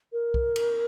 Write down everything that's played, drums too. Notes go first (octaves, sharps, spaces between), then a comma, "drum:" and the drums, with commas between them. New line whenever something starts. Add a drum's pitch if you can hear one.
A#4
drum: kick C2
drum: cymbal